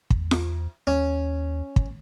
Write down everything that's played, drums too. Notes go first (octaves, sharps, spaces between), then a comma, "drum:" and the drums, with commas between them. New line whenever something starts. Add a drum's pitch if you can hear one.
E2, drum: kick
drum: snare F4
D#2 C#4
drum: kick